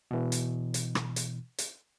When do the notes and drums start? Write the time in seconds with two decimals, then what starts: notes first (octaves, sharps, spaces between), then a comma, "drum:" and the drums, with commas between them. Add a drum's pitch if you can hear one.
0.11 B2 E3
0.32 drum: hi-hat
0.74 drum: hi-hat
0.95 drum: rim click
1.16 drum: hi-hat
1.58 drum: hi-hat